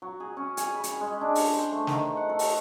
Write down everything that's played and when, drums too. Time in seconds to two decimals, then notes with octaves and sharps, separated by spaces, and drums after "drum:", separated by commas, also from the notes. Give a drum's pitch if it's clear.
0.02 F#3
0.20 G#4
0.37 C#4
0.57 G#5, drum: hi-hat
0.74 B5
0.84 drum: hi-hat
1.01 G#3
1.21 D4
1.35 drum: open hi-hat
1.53 C5
1.72 A3
1.87 D#3, drum: snare
2.17 F#5
2.29 A4
2.39 drum: open hi-hat